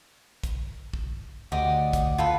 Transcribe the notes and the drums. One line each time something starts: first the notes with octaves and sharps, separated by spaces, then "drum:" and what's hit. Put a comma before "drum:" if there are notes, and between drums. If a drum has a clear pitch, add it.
drum: kick, hi-hat
drum: kick
D2 G4 D5 D#5 F#5
drum: kick, hi-hat
F4 A4 B4